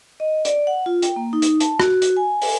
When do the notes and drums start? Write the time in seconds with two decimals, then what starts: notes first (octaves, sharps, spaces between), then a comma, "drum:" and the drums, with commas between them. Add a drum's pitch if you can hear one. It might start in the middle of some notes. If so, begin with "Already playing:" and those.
0.20 D#5
0.45 D5, drum: hi-hat
0.67 F#5
0.86 F4
1.02 G5, drum: hi-hat
1.16 A#3
1.33 D#4
1.42 drum: hi-hat
1.60 A5, drum: hi-hat
1.80 F#4, drum: rim click
2.02 drum: hi-hat
2.17 G#5
2.42 drum: open hi-hat